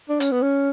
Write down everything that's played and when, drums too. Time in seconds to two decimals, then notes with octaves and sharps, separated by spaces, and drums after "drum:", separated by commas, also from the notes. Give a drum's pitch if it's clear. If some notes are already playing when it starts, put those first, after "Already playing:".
0.09 D4
0.20 C#4, drum: hi-hat
0.32 B3
0.42 C#4